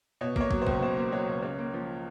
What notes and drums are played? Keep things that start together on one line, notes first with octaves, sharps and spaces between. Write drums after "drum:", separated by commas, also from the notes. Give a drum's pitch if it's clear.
B2 C#5
A#3 C#5, drum: kick
F#3, drum: kick
C5
C#2, drum: kick
B2 C5
A#3
F#3 C#5
C#2
C#3 C#5
A#3
F3